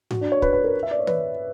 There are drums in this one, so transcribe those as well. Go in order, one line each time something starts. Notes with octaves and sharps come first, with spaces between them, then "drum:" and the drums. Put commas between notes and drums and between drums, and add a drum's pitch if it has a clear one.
F#4, drum: tom G#2
D4
C#5
B4, drum: kick
B4
A#4
E5
D5
C#5
B4, drum: tom